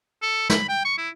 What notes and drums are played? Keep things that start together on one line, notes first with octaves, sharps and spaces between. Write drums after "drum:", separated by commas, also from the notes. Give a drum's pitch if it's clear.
A4
B5, drum: snare
G5
C#6
E4